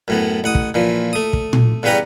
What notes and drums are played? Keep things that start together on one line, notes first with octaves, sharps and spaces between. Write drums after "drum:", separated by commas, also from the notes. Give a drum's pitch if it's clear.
F#2 A2 B3
A1 F#5 D#6
drum: kick
A#2 E3 F3
A3 D#6
drum: kick
drum: tom A#2
E2 C#3 G3 B4 G5 A#5